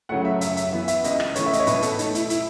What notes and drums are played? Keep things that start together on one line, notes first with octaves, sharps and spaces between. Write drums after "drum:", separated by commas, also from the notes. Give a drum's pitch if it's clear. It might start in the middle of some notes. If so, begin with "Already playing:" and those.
C#3 F#3 A3 F#5
E5
F#2 E5, drum: hi-hat
E5, drum: hi-hat
E3 B3 E5
E5, drum: hi-hat
C#2 D#5, drum: hi-hat
drum: rim click
C#3 E3 A3 C#5, drum: hi-hat
E5
D#5, drum: hi-hat
C#5
B2 B4, drum: hi-hat
A4, drum: hi-hat
A3 D#4, drum: hi-hat
E4, drum: hi-hat
E4, drum: hi-hat